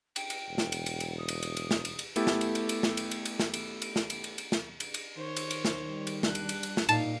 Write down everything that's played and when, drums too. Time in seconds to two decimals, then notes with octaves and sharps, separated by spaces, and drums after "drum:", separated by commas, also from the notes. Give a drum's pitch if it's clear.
0.16 G5, drum: cymbal
0.30 drum: cymbal
0.49 E1
0.58 drum: snare
0.72 drum: cymbal
0.86 drum: cymbal
1.00 drum: cymbal
1.18 D#6
1.28 drum: cymbal
1.43 drum: cymbal
1.57 drum: cymbal
1.71 drum: snare
1.85 drum: cymbal
1.99 drum: cymbal
2.16 A3 B3 E4 G4 A4, drum: cymbal
2.27 drum: snare
2.41 drum: cymbal
2.55 drum: cymbal
2.69 drum: cymbal
2.83 drum: snare
2.97 drum: cymbal
3.11 drum: cymbal
3.25 drum: cymbal
3.40 drum: snare
3.54 drum: cymbal
3.82 drum: cymbal
3.96 drum: snare
4.10 drum: cymbal
4.24 drum: cymbal
4.38 drum: cymbal
4.52 drum: snare
4.80 drum: cymbal
4.94 drum: cymbal
5.17 D#3 C5 C#5
5.36 drum: cymbal
5.51 drum: cymbal
5.65 drum: snare
5.87 G3
6.07 drum: cymbal
6.23 D4 F#6, drum: snare
6.35 drum: cymbal
6.49 drum: cymbal
6.63 drum: cymbal
6.77 drum: snare
6.89 A#2 D#4 F5 A5, drum: cymbal